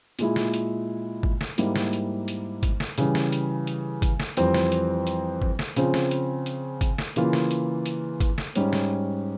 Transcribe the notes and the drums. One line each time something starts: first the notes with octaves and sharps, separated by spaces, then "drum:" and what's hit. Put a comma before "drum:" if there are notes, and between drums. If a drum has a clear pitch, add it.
A#2 G#3 E4, drum: hi-hat
drum: snare
drum: hi-hat
drum: kick
drum: snare
G#2 G3 A#3 E4, drum: hi-hat
drum: snare
drum: hi-hat
drum: hi-hat
drum: kick, hi-hat
drum: snare
C#3 E3 G3, drum: hi-hat
drum: snare
drum: hi-hat
drum: hi-hat
drum: kick, hi-hat
drum: snare
F2 E3 G3 C4, drum: hi-hat
drum: snare
drum: hi-hat
drum: hi-hat
drum: kick
drum: snare
C#3 F3 C4, drum: hi-hat
drum: snare
drum: hi-hat
drum: hi-hat
drum: kick, hi-hat
drum: snare
C#3 E3 A#3 F4, drum: hi-hat
drum: snare
drum: hi-hat
drum: hi-hat
drum: kick, hi-hat
drum: snare
G#2 G3 C#4, drum: hi-hat
drum: snare